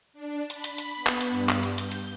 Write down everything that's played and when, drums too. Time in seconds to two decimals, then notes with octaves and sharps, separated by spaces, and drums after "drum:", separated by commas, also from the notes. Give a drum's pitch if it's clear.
0.13 D4
0.50 B5, drum: hi-hat
0.64 drum: hi-hat
0.78 drum: hi-hat
0.96 B3
1.07 drum: clap
1.21 drum: hi-hat
1.30 G2
1.49 drum: clap
1.63 drum: hi-hat
1.78 G6, drum: hi-hat
1.92 drum: hi-hat